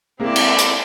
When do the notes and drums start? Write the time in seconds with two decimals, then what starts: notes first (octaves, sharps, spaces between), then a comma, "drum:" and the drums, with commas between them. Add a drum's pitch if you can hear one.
0.20 G#3 A#3 C4 E4 D5
0.36 drum: cymbal
0.59 drum: hi-hat